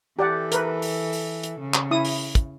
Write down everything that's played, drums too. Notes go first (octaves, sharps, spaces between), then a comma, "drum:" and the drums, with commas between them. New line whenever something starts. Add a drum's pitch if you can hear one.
E3 G4 A4 D5 F#5
A#4 B4, drum: hi-hat
drum: open hi-hat
drum: open hi-hat
drum: hi-hat
C#3
drum: clap
E4 D#6
drum: open hi-hat
drum: kick, hi-hat